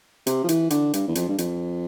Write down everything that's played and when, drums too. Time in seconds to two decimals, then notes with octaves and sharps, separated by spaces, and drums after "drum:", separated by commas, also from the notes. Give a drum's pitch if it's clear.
0.27 C3, drum: hi-hat
0.44 F3
0.49 E3, drum: hi-hat
0.70 D3, drum: hi-hat
0.94 G2, drum: hi-hat
1.08 E2
1.15 F2, drum: hi-hat
1.29 G2
1.38 F2, drum: hi-hat